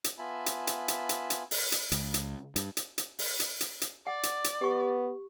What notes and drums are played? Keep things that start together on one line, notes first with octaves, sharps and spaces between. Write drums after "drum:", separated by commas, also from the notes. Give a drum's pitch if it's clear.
drum: hi-hat
B3 F4 E5 G#5 A5 B5
drum: hi-hat
drum: hi-hat
drum: hi-hat
drum: hi-hat
drum: hi-hat
drum: open hi-hat
drum: hi-hat
C#2, drum: hi-hat
drum: hi-hat
G2, drum: hi-hat
drum: hi-hat
drum: hi-hat
drum: open hi-hat
drum: hi-hat
drum: hi-hat
drum: hi-hat
D5 F#5
drum: hi-hat
drum: hi-hat
B3 G4 C#6